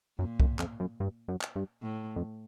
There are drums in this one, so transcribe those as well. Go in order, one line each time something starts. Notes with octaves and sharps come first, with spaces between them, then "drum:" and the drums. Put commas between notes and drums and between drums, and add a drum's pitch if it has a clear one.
F#2 A#2
F#2, drum: kick C2
F2, drum: clap
F#2
G2
F#2
drum: clap
G2
A2
F2